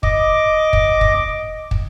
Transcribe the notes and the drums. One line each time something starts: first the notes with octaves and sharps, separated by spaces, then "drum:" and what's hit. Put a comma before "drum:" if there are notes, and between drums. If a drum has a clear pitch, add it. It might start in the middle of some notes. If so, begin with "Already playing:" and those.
D#5 D6, drum: kick
drum: kick
drum: kick
drum: kick